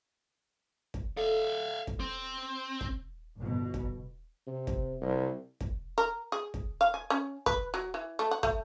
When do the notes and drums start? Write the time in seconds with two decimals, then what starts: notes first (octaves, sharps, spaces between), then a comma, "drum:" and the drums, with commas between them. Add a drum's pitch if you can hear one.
0.94 drum: kick
1.17 A4 E5 F5
1.87 drum: kick
2.00 C4
2.81 drum: kick
3.38 G1 B2
3.74 drum: kick
4.47 C3
4.67 drum: kick
5.01 C2
5.61 drum: kick
5.98 A#4
6.32 G#4
6.54 drum: kick
6.81 F5
6.94 G#5
7.10 C#4
7.46 B4, drum: kick
7.74 F#3
7.94 E3
8.19 A3
8.31 F#5
8.43 A3, drum: kick